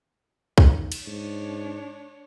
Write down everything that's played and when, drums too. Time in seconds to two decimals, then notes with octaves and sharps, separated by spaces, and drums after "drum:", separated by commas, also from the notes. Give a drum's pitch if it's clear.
0.58 D#3, drum: kick
0.92 drum: cymbal
1.07 G#2 D4 C#5